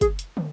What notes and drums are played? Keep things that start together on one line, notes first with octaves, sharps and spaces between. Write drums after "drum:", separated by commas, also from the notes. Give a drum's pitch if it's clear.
G#4, drum: kick, hi-hat
drum: hi-hat
drum: tom